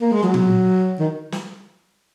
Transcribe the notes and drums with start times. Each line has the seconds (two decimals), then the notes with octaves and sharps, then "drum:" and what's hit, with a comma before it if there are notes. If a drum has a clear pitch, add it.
0.01 A#3
0.12 G#3
0.23 F#3
0.34 drum: tom A#2
0.99 D#3
1.32 drum: snare